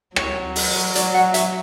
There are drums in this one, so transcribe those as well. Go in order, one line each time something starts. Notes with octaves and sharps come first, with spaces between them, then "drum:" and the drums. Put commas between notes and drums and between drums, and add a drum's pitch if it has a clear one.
F#3 C#5, drum: rim click
drum: open hi-hat
D5, drum: hi-hat
F#5
E5, drum: hi-hat